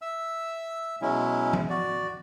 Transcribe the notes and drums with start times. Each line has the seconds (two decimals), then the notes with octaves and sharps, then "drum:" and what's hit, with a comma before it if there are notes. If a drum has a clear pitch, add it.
0.02 E5 E6
1.02 B2 F#3 G#3 C#4 E4
1.53 drum: tom F3
1.70 F#4 D5